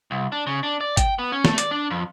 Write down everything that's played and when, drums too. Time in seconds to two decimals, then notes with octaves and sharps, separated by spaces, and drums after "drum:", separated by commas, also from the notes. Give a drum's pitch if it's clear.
0.11 C2
0.32 D4
0.47 C#3
0.63 D4
0.81 D5
0.97 G5, drum: kick, hi-hat
1.19 B3
1.32 C#4
1.45 A3, drum: snare
1.58 D5, drum: hi-hat
1.71 D4
1.91 F2